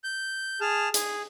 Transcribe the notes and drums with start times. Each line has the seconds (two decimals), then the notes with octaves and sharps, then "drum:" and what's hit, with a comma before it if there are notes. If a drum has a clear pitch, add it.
0.04 G6
0.61 G#4 A5 F6
0.94 G#4, drum: hi-hat